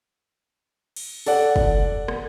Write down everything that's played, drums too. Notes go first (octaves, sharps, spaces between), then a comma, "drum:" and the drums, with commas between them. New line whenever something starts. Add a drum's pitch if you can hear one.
drum: cymbal
A4 D5 F#5, drum: open hi-hat
drum: kick
drum: rim click